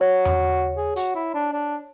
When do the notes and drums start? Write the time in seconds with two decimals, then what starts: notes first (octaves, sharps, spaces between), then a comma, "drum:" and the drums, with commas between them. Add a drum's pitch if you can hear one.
0.01 F#4 C#5
0.25 drum: tom E2
0.77 G#4
0.96 F#4, drum: hi-hat
1.15 E4
1.34 D4
1.53 D4